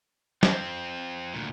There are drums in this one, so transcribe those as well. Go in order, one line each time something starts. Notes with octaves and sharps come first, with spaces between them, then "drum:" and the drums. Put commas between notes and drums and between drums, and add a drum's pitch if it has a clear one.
F3 C4, drum: snare
D2 A#2